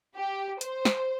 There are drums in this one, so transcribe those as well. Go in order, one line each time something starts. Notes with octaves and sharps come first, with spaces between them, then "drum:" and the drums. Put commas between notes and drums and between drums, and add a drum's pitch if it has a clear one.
G4
C5, drum: hi-hat
drum: snare